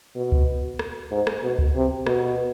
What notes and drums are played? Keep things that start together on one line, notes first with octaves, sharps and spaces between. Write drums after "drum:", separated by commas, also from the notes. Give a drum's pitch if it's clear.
B2
drum: kick C#2
drum: rim click
G#2
drum: rim click
B2
drum: kick C#2
C3
B2, drum: rim click